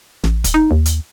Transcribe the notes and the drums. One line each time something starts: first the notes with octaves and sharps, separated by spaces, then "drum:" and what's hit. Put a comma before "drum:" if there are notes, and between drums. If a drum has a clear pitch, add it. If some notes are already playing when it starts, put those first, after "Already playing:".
A1, drum: snare
drum: kick, hi-hat
D#4
D#2
drum: hi-hat